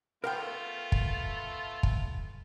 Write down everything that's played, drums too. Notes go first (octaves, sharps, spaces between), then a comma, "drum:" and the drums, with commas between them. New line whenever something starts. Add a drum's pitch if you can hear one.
A3 B3 F4 A#4 F5 G5
drum: kick
drum: kick